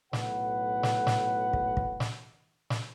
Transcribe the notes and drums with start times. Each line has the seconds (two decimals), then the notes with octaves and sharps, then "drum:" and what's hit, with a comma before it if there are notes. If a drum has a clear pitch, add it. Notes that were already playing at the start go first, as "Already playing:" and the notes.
0.13 B1 A2 B4 F#5, drum: snare
0.83 drum: snare
1.07 drum: snare
1.53 drum: kick
1.77 drum: kick
2.00 drum: snare
2.70 drum: snare